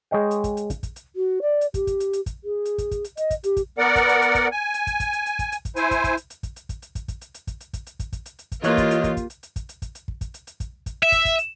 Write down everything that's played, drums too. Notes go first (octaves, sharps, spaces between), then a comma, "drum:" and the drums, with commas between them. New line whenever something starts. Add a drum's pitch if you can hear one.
G#3 C#5 D#5 G5
drum: hi-hat
drum: kick, hi-hat
drum: hi-hat
drum: kick, hi-hat
drum: kick, hi-hat
drum: hi-hat
F#4
D5
drum: hi-hat
G4, drum: kick, hi-hat
drum: kick, hi-hat
drum: hi-hat
drum: hi-hat
drum: kick, hi-hat
G#4
drum: hi-hat
drum: kick, hi-hat
drum: kick, hi-hat
drum: hi-hat
D#5, drum: hi-hat
drum: kick, hi-hat
G4, drum: hi-hat
drum: kick, hi-hat
B3 A#4 D5 F#5
drum: kick, hi-hat
drum: hi-hat
drum: hi-hat
drum: kick, hi-hat
G#5
drum: hi-hat
drum: kick, hi-hat
drum: kick, hi-hat
drum: hi-hat
drum: hi-hat
drum: kick, hi-hat
drum: hi-hat
drum: kick, hi-hat
E4 C5 G#5, drum: hi-hat
drum: kick, hi-hat
drum: kick, hi-hat
drum: hi-hat
drum: hi-hat
drum: kick, hi-hat
drum: hi-hat
drum: kick, hi-hat
drum: hi-hat
drum: kick, hi-hat
drum: kick, hi-hat
drum: hi-hat
drum: hi-hat
drum: kick, hi-hat
drum: hi-hat
drum: kick, hi-hat
drum: hi-hat
drum: kick, hi-hat
drum: kick, hi-hat
drum: hi-hat
drum: hi-hat
drum: kick, hi-hat
E3 A#3 F4 G4 C#5 D#5 F#6, drum: hi-hat
drum: kick, hi-hat
drum: hi-hat
drum: kick, hi-hat
drum: kick, hi-hat
drum: hi-hat
drum: hi-hat
drum: kick, hi-hat
drum: hi-hat
drum: kick, hi-hat
drum: hi-hat
drum: kick
drum: kick, hi-hat
drum: hi-hat
drum: hi-hat
drum: kick, hi-hat
drum: kick, hi-hat
E5
drum: kick, hi-hat
drum: kick, hi-hat
drum: hi-hat